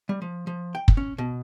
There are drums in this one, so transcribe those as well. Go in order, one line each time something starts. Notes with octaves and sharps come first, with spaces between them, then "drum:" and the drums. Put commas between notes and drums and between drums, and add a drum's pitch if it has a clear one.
G3
F3
F3
G5
drum: kick
C#4
B2